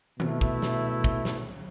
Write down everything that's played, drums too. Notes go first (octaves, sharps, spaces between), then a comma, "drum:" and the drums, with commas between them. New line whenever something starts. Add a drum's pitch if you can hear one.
B2 A3 E4, drum: tom D#3
drum: kick
drum: snare
drum: kick
drum: snare